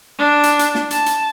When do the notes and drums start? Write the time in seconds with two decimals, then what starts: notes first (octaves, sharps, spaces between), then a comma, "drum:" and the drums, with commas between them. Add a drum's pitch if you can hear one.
0.19 D4
0.43 drum: hi-hat
0.59 drum: hi-hat
0.75 drum: snare
0.91 A5, drum: hi-hat
1.06 drum: hi-hat